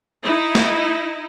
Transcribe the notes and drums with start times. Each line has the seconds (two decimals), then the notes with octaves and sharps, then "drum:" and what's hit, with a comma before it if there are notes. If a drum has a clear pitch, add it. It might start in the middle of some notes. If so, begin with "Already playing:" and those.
0.23 D#4 E4
0.55 drum: snare